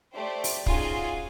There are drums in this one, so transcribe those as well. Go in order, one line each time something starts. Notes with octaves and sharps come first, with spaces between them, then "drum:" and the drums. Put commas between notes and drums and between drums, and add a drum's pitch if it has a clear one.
A3 G4 C5 D5
drum: open hi-hat
C#4 D#4 F4 F#4 G#4 G#5, drum: kick